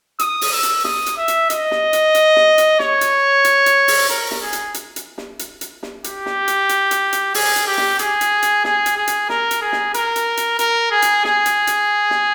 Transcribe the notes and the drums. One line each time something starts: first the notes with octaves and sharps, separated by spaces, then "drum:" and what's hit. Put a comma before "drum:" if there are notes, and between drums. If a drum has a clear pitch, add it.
D#6, drum: hi-hat
drum: open hi-hat
E6
drum: hi-hat
D#6, drum: snare
drum: hi-hat
E5
drum: hi-hat
D#5, drum: hi-hat
drum: snare
drum: hi-hat
drum: hi-hat
drum: snare
drum: hi-hat
C#5, drum: snare
drum: hi-hat
drum: hi-hat
drum: hi-hat
drum: open hi-hat
A#4, drum: hi-hat
drum: snare
G#4
drum: hi-hat
drum: hi-hat
drum: hi-hat
drum: snare
drum: hi-hat
drum: hi-hat
drum: snare
G4, drum: hi-hat
drum: snare
drum: hi-hat
drum: hi-hat
drum: hi-hat
drum: hi-hat
G#4, drum: open hi-hat
drum: hi-hat
G4
drum: snare
G#4, drum: hi-hat
drum: hi-hat
drum: hi-hat
G#4, drum: snare
drum: hi-hat
G#4
drum: hi-hat
A#4, drum: snare
drum: hi-hat
G#4
drum: snare
A#4, drum: hi-hat
drum: hi-hat
drum: hi-hat
A#4, drum: hi-hat
G#4
drum: hi-hat
G#4, drum: snare
drum: hi-hat
drum: hi-hat
drum: snare